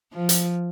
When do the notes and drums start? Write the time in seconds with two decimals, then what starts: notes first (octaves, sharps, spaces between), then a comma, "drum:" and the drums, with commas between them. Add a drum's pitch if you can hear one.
0.13 F3
0.29 drum: hi-hat